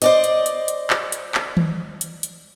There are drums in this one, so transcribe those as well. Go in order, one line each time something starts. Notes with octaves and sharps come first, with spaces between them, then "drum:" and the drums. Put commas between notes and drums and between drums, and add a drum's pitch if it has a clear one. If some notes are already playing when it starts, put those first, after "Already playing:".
C5 D5 D#5, drum: hi-hat
drum: hi-hat
drum: hi-hat
drum: hi-hat
drum: clap
drum: hi-hat
drum: clap
drum: tom D#3
drum: hi-hat
drum: hi-hat